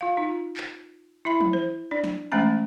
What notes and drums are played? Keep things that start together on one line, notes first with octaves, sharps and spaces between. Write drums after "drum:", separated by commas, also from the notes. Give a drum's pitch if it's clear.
F4 F5
D#4 F4
drum: clap
E4 E5 B5
drum: tom
C5
D4 D5
drum: snare
E3 G#3 A3 C#4 G5 A#5